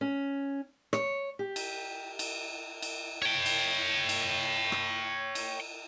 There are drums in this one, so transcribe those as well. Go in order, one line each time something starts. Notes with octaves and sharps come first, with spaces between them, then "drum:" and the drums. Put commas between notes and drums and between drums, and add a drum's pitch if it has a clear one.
C#4
C#5, drum: rim click
G4
drum: cymbal
drum: cymbal
drum: cymbal
C#5 G5
drum: cymbal
drum: cymbal
drum: rim click
drum: cymbal